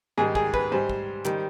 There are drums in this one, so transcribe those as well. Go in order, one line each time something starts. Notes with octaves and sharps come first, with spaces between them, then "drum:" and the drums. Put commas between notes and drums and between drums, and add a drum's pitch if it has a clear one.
G#2 D#3 G3 G#4
G#4, drum: kick
B4, drum: kick
G#2 G3 C5
drum: kick
D#3 G3, drum: clap